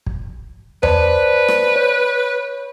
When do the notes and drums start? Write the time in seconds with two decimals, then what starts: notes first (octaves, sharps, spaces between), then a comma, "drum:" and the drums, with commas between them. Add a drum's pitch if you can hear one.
0.06 drum: kick
0.83 B4 C5 D5 A5, drum: tom E2
1.48 drum: rim click
1.76 C#5